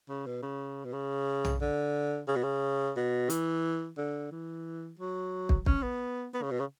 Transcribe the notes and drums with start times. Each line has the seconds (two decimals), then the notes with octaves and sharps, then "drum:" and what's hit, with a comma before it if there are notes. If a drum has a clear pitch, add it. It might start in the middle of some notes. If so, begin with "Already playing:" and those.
0.09 C#3
0.26 B2
0.42 C#3
0.85 B2
0.93 C#3
1.45 drum: tom
1.61 D3
2.28 C#3
2.36 B2
2.43 C#3
2.96 B2
3.30 E3, drum: hi-hat
3.97 D3
4.32 E3
4.99 F#3
5.49 drum: kick
5.66 C#4, drum: kick
5.83 B3
6.34 B3
6.42 C#3
6.51 B2
6.60 C#3